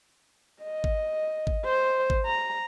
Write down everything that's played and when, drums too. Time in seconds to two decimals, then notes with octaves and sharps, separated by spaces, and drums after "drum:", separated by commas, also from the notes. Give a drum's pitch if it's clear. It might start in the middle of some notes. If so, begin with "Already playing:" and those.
0.62 D#5
0.84 drum: kick G#1
1.47 drum: kick G#1
1.65 C5
2.10 drum: kick G#1
2.26 A#5